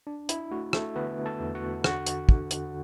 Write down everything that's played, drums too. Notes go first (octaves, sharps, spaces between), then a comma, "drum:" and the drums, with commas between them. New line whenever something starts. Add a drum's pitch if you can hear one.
D4
E4, drum: hi-hat
A3 F#4
A3 A4, drum: rim click
D3 B3 B4
A4 A5
E2
F#4 F#5
D3 F#4 F#5, drum: rim click
drum: hi-hat
D3, drum: kick
drum: hi-hat